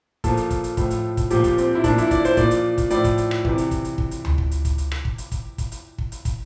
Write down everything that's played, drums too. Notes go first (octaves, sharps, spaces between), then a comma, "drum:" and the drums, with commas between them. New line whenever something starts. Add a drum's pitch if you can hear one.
A#2 F3 A4, drum: kick, hi-hat
drum: hi-hat
drum: kick, hi-hat
drum: hi-hat
A2 F3, drum: kick, hi-hat
drum: hi-hat
drum: kick, hi-hat
A#2 F3 G4, drum: hi-hat
drum: kick, hi-hat
C4, drum: hi-hat
E4
A#2 F3 D4, drum: kick, hi-hat
E4, drum: hi-hat
D5, drum: kick, hi-hat
C5, drum: hi-hat
A#2 F3 D5, drum: kick, hi-hat
drum: hi-hat
drum: kick, hi-hat
A2 F3 D5, drum: hi-hat
drum: kick, hi-hat
drum: hi-hat
drum: rim click
C3 E3, drum: kick
drum: hi-hat
drum: kick, hi-hat
drum: hi-hat
drum: kick
drum: hi-hat
drum: tom D2
drum: kick
drum: hi-hat
drum: kick, hi-hat
drum: hi-hat
drum: rim click
drum: kick
drum: hi-hat
drum: kick, hi-hat
drum: kick, hi-hat
drum: hi-hat
drum: kick
drum: hi-hat
drum: kick, hi-hat